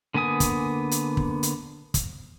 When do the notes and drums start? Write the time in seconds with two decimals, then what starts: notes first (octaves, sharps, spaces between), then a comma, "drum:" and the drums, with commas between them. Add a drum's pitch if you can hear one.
0.14 D3 A#3 B3 G#5 D#6
0.40 drum: kick, hi-hat
0.91 drum: hi-hat
1.17 drum: kick
1.43 drum: hi-hat
1.94 drum: kick, hi-hat